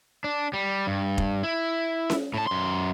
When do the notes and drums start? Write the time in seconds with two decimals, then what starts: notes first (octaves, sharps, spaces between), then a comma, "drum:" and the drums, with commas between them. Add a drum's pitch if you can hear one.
0.24 D4
0.53 G3
0.87 G2
1.18 drum: kick F1
1.43 E4
2.10 drum: snare C#4
2.34 A2 A5
2.47 F#2 C6